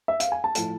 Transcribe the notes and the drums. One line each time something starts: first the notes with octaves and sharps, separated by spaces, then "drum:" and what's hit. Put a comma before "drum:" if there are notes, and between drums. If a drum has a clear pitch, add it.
E5
F5, drum: hi-hat
G#5
A5
A2 F3 A3, drum: hi-hat